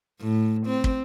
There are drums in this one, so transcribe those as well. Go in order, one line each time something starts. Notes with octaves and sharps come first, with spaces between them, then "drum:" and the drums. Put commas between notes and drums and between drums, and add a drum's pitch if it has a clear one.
A2
C4
drum: kick